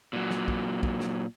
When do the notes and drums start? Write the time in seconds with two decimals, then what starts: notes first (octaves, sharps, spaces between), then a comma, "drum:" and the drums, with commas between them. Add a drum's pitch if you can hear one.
0.13 A#2 F#3
0.31 drum: snare
0.48 drum: kick
0.83 drum: kick
1.01 drum: snare